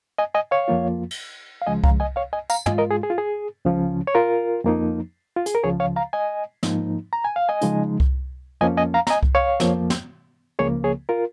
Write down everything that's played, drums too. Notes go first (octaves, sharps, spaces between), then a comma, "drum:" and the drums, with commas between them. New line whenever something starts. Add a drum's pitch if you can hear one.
D#5 G#5
D#5 G#5
C#5 F5
F2 F3 A#3 F4
drum: cymbal
F5
C#2 C#3 F3 G#3 D#5 G#5
F5 A#5, drum: kick C2
D#5 G#5
C#5 F5
D#5 G#5
F5 A#5, drum: tambourine
G#2 G#3 F4 D#5 G#5, drum: tom
A#4 D#5
G#4
G#4
F4
G#4
C#2 C#3 F3 C#4
C#5
F4 A#4
F2 F3 A#3 D#4
F4
G#4, drum: hi-hat
A#4
C#2 C#3 F3 G#4 C#5
C#5 F5
F5 A#5
D#5 G#5
G#2 F3 A#3 D#4, drum: snare
A#5
G#5
F5
D#5 G#5
C#3 F3 G#3 D#4, drum: hi-hat
drum: kick C2
F2 F3 A#3 C#4 D#5 G#5
D#5 G#5
F5 A#5
A#5, drum: snare
D#5 G#5
drum: kick C2
C#5 F5
F2 F3 A#3, drum: snare
drum: snare
C#2 C#3 F3 A#3 G#4 C#5
G#4 C#5
F4 A#4